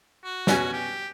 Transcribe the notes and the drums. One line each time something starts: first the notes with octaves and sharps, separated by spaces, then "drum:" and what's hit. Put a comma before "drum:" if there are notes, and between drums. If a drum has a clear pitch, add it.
F#4
B2 C#4 G#5, drum: snare
G4